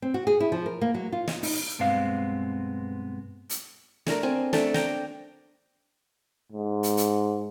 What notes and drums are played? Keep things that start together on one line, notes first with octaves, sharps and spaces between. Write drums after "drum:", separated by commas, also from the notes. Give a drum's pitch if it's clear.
C4
F#4
G#4
E4
F3
A#4
A#3
F#3
F4
D#5, drum: snare
D#4, drum: open hi-hat
B1 G2 G#3 B3 C4 F5
drum: hi-hat
A3 D4 A#4, drum: snare
C4 G#5
A3 D4 A4, drum: snare
G5 A#5, drum: snare
G#2
drum: hi-hat
drum: hi-hat